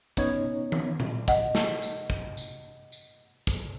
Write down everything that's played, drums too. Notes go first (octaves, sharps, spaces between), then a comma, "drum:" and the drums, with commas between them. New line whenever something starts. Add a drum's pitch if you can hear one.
B3 C#4 D#4 C#5 G#6, drum: kick, tambourine
drum: tom D#3
drum: tom A#2
D#5 F#5, drum: kick, tambourine
drum: snare
drum: tambourine
drum: kick
drum: tambourine
drum: tambourine
drum: kick, tambourine